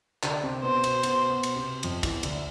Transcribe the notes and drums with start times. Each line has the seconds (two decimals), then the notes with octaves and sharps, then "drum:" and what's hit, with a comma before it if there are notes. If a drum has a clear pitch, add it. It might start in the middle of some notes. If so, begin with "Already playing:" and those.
0.23 D3 D4, drum: clap
0.43 C3 C4
0.63 B2 B3 C5
0.84 B2 B3, drum: cymbal
1.03 B2 B3, drum: cymbal
1.30 B2 B3
1.43 drum: cymbal
1.56 C3 C4
1.83 F2 F3, drum: cymbal
2.03 E2 E3, drum: kick, cymbal
2.23 D2 D3, drum: cymbal